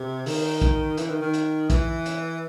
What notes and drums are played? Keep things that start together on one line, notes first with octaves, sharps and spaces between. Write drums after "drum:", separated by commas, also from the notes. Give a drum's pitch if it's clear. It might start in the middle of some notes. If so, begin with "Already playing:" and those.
Already playing: C3
D#3, drum: open hi-hat
drum: kick A#1, hi-hat
E3, drum: hi-hat
D#3
D#3
drum: hi-hat
E3, drum: kick A#1, hi-hat
drum: hi-hat